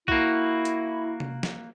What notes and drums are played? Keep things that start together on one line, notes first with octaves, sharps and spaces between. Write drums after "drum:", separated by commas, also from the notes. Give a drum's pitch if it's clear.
A#3 E4 F#4, drum: kick B1
drum: hi-hat
drum: tom C3
drum: snare